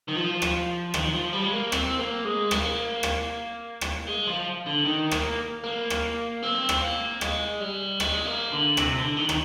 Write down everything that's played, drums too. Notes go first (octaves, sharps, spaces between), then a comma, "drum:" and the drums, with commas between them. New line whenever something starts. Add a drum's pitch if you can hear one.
D#3
F3
drum: rim click
D#3, drum: rim click
F3
G3
G#3
A#3
C4, drum: rim click
A#3
G#3
A#3, drum: rim click
drum: rim click
drum: rim click
G#3
F3
D3
D#3
A#3, drum: rim click
A#3
drum: rim click
C4
drum: rim click
A#3
G#3, drum: rim click
G3
G#3, drum: rim click
A#3
D3
C3, drum: rim click
D3
D#3
D#3, drum: rim click